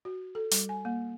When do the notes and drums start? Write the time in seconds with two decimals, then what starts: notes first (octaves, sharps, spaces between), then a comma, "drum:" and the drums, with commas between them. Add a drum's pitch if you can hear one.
0.05 F#4
0.35 A4
0.51 G3, drum: hi-hat
0.69 G#5
0.85 A#3